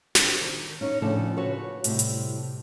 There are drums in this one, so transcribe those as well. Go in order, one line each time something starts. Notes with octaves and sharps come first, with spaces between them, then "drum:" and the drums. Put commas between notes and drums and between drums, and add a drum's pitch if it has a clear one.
C4 D4, drum: snare
D#3
C#4 D#4 C#5
A2 C#3 F3 D4 A4
F#4 B4 C#5
A2 C3 G3, drum: hi-hat
drum: hi-hat